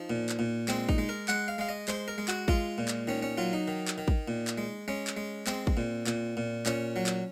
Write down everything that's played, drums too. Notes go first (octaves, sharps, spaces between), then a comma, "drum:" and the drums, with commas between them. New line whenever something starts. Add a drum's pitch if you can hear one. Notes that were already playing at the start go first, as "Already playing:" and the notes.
Already playing: F3 D#4
A#2
drum: clap
A#2
G#3 C4, drum: clap
D#4, drum: kick
G#3
A#4
G#3 F#5, drum: clap
F5
G#3 F5
D#5
G#3 C5, drum: clap
A#4
G#3
F#4, drum: clap
G#3 F4, drum: kick
A#2
drum: clap
D#3 C#4
C#4
F#3 F4
D#4
D#3
drum: clap
D#3
drum: kick
A#2
drum: clap
G#3
G#3 C#4
drum: clap
G#3
G#3 C4, drum: clap
drum: kick
A#2
A#2, drum: clap
A#2
A#2 C#4, drum: clap
F#3
drum: clap